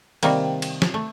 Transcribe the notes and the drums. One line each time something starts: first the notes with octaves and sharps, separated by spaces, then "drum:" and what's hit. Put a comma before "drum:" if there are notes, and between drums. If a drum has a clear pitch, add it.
C3 D#3 G3 A#3, drum: cymbal
drum: cymbal
drum: snare
A3